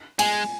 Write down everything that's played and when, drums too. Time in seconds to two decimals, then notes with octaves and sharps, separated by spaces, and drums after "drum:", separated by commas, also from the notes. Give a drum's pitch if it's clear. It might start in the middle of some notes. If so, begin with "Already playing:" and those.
0.19 G#3 G#5, drum: cymbal